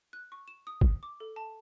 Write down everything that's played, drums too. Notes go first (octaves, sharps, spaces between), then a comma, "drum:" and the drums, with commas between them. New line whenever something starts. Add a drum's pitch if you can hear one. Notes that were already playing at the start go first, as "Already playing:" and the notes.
F#6
C#6
E7
D#6
drum: kick
D6
A4
A5